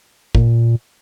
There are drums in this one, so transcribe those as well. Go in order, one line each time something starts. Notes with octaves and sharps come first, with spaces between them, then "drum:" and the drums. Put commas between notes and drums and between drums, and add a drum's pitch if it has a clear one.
A#2, drum: kick